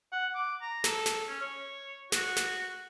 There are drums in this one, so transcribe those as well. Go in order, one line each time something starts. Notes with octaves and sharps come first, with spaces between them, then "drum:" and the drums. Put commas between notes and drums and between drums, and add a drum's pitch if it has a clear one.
F#5
D6
A#5
A4, drum: snare
drum: snare
C#4
C#5
F#4, drum: snare
drum: snare